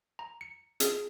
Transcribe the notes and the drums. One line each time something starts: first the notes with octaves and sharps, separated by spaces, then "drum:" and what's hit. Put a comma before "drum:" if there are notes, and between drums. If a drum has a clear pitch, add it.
A#5
C#7
G#4, drum: hi-hat